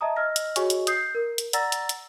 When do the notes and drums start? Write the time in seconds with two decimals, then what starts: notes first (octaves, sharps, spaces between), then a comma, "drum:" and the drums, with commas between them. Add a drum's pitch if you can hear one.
0.01 D#5 E5 A5 A#5 D#6
0.16 D#5 E6 F6 A#6
0.36 drum: hi-hat
0.56 F#4 G#4 C#5 D#5 G#5 C#6, drum: hi-hat
0.70 drum: hi-hat
0.87 D#6 G6 C7, drum: hi-hat
1.15 A#4
1.38 drum: hi-hat
1.53 D5 F#5 A#5 E6 A6 A#6, drum: hi-hat
1.72 drum: hi-hat
1.89 drum: hi-hat